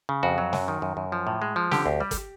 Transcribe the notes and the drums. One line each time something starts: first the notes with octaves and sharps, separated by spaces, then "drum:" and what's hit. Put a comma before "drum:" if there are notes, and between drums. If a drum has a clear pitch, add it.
C#3
F2 F#4
F#3
F#2, drum: snare
D#3
F#2
F#2
F3
A2
G#3
F3
D3 G4, drum: snare
D2
G3
drum: kick, hi-hat